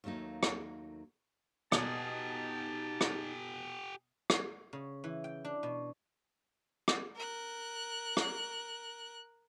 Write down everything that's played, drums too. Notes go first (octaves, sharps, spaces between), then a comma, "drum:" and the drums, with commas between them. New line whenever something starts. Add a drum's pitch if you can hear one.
D#2 F#3 A3 A#3 D#4
drum: rim click
B2 D#4 G4 G#5 A5 D#6, drum: rim click
drum: rim click
drum: rim click
C#3
E3
G5
D4
B2
drum: rim click
A#4 F#6
drum: rim click